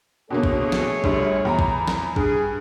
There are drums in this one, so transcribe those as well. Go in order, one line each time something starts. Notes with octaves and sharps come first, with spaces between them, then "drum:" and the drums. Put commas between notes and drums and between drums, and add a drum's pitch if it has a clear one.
B2 D3 A3 A#3 G#4 C#5
drum: kick A1
drum: snare
A#1 D3 G3, drum: kick A1
E2 A#5 B5
drum: kick A1
drum: snare
G2 G#4, drum: kick A1